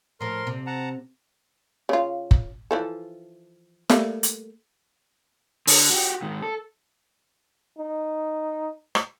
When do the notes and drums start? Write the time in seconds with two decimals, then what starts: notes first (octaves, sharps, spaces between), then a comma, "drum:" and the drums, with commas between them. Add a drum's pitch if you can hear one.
0.21 A2 F3 A#4 C6
0.47 C3
0.66 F#5 A5 A#5
1.89 C#3 F4
2.31 drum: kick F#1
2.71 E3 F3 A4
3.90 G3 A3 A#3, drum: snare
4.23 drum: hi-hat
5.67 D3, drum: open hi-hat
5.90 F#4 G4
6.22 G#2 D#3
6.42 A4
7.78 D#4
8.95 drum: rim click